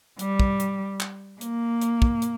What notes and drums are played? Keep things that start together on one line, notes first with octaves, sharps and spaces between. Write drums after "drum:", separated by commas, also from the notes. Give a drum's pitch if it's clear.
G3, drum: hi-hat
drum: kick
drum: hi-hat
drum: clap
A#3, drum: hi-hat
drum: hi-hat
drum: kick
drum: hi-hat